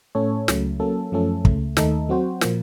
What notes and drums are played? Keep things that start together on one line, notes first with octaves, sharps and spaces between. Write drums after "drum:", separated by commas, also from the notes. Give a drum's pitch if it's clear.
A2 A3 C#4 A4 C#5
C#2 C#3 F#3 A3, drum: snare
F#3 A#3 C#4 A4
F#2 F3 A3 C#4 A4
C#2 C#3 A3, drum: kick
D#2 D#3 A3 D#4 A4, drum: snare
F#3 C4 F#4 C5
A#2 F3 A#3, drum: snare